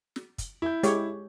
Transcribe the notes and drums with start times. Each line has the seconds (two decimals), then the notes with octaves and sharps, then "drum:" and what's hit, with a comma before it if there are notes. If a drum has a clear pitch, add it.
0.16 drum: snare
0.38 drum: kick, hi-hat
0.62 E4 G6
0.83 G#3 G4 C#5, drum: hi-hat